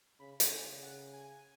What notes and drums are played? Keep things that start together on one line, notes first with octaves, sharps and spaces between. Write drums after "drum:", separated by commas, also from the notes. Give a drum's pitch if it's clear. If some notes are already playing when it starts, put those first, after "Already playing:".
C#3 B5
drum: hi-hat
G#5
C#3
F#5
G#5